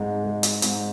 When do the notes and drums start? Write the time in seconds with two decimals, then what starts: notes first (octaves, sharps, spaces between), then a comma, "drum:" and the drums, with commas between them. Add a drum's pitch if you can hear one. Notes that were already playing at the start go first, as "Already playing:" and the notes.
Already playing: G#2 G#3
0.24 G#3
0.43 drum: hi-hat
0.62 G#2, drum: hi-hat